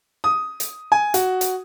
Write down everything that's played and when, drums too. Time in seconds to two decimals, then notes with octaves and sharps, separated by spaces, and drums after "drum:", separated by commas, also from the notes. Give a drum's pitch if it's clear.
0.24 D#6
0.60 drum: hi-hat
0.92 G#5
1.14 F#4, drum: hi-hat
1.41 drum: hi-hat